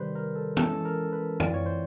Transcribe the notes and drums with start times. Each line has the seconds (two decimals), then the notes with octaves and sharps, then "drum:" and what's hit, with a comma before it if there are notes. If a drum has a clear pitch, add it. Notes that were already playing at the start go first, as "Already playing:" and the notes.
Already playing: C3 D#3 G3 B4 C5
0.15 A#4
0.36 A4
0.57 E3 G#3 C#4 A4, drum: tom
0.85 A#4
1.13 B4
1.40 E3 A3 C4 F4 D5, drum: tom F#2
1.54 C#5
1.66 C5